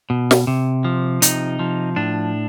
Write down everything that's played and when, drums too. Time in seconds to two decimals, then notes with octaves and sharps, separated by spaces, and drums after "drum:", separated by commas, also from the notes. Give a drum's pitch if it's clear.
0.10 B2
0.31 drum: snare
0.47 C3
0.85 F3
1.22 C3 D#4, drum: hi-hat
1.59 F3
1.96 A2 D4